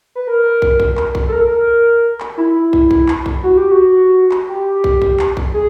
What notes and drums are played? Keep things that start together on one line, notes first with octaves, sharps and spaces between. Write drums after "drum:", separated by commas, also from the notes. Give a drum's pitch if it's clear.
B4
A#4
drum: kick
drum: kick
drum: clap
drum: kick
A4
A#4
drum: clap
E4
drum: kick
drum: kick
drum: clap
drum: kick
F#4
G4
F#4
drum: clap
G4
drum: kick
drum: kick
drum: clap
drum: kick
G#4